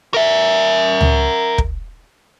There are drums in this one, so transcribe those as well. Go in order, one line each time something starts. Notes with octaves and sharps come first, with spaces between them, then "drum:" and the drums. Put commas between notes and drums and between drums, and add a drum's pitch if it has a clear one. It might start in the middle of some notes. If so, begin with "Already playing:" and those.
A#4 E5
drum: tom C#2
drum: kick